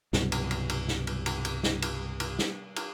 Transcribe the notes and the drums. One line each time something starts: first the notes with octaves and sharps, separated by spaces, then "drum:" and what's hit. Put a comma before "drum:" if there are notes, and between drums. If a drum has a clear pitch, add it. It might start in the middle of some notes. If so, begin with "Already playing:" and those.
C2 G2 B2 F#3, drum: snare
drum: cymbal
drum: cymbal
drum: cymbal
drum: snare
drum: cymbal
drum: cymbal
drum: cymbal
drum: snare
drum: cymbal
drum: cymbal
drum: snare
drum: cymbal